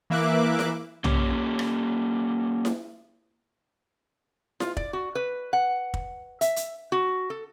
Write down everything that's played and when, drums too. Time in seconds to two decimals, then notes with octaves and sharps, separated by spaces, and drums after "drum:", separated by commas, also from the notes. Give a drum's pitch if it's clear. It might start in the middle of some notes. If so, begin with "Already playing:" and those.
0.10 E3 A#3 E5 D6 F#6
0.59 drum: snare E4
1.04 A#3 C#4 G4 C#5, drum: tom
1.59 drum: rim click
2.65 drum: snare E4
4.60 F4, drum: snare E4
4.77 D5, drum: kick
4.93 F#4
5.15 B4
5.53 F#5
5.94 drum: kick
6.41 E5, drum: hi-hat
6.56 drum: hi-hat
6.92 F#4
7.30 A4